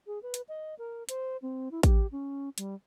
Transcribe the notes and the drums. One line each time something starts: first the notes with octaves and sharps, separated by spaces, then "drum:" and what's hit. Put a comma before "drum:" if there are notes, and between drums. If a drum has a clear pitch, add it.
G#4
B4
drum: hi-hat
D#5
A#4
C5, drum: hi-hat
C4
E4
G4, drum: kick A1, hi-hat
C#4
G3, drum: hi-hat